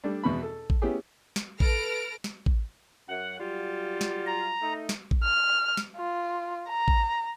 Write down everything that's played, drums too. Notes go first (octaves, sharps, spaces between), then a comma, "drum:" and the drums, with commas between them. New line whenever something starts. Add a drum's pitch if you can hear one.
G3 A3 D4
E2 B2 B3 F#4 B5
A4
drum: kick A1
B3 C#4 E4 G4 G#4
drum: snare
A4 B4 F6 A#6 D7, drum: kick A1
drum: snare
drum: kick A1
F#2 F#5
F#3 G3 F4
drum: snare
A#5
A3 D#4
drum: snare
drum: kick A1
F6
drum: snare
F4
A#5
drum: kick A1